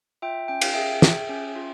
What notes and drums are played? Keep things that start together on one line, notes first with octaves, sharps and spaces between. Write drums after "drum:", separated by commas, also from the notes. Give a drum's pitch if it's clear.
F4 E5 G5
C#4 G5
F5, drum: cymbal
G#4 E5 G5
G#4, drum: snare
C#4
F4